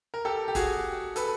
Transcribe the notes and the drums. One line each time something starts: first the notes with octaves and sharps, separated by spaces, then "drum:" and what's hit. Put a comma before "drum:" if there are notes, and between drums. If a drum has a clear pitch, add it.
A#4
G4 A4
G4
F#4 G#4, drum: kick, hi-hat
A4 B4, drum: hi-hat